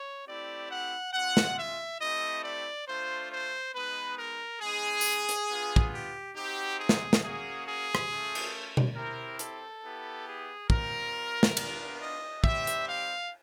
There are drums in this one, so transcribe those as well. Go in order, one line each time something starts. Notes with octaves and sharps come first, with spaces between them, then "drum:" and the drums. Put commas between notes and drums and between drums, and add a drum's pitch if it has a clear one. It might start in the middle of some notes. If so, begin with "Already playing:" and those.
Already playing: C#5
A3 C4 E4 G4 D5
F#5
G#3 C#4 F4 F#5
drum: snare
E5
A3 C4 E4 G4 D#5
D5
A3 D4 F4 C5
C5
G#3 B3 D#4 B4
A#4
G#3 B3 D#4 G#4
drum: tambourine
drum: hi-hat
B3 D4 F4
drum: kick
G4
C4 D#4 F#4 G4
G#4
drum: snare
drum: snare
A#3 C#4 F#4 G#4
G#4
drum: rim click
A3 C#4 F4
drum: cymbal
drum: tom B2
C4 E4 G4 A#4
A4, drum: hi-hat
B3 E4 G4
G#4
G3 C4 F4 A#4, drum: kick
drum: snare
B3 D4 F4, drum: cymbal
D#5
G3 C4 D#4 G4 E5, drum: kick
drum: hi-hat
F5